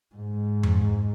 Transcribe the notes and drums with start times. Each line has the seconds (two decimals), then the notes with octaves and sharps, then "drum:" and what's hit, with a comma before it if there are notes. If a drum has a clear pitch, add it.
0.15 G#2
0.63 drum: tom F2